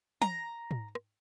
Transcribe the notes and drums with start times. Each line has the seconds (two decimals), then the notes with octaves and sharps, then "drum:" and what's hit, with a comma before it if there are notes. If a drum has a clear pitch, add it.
0.22 A#5, drum: tom
0.71 drum: tom
0.95 drum: rim click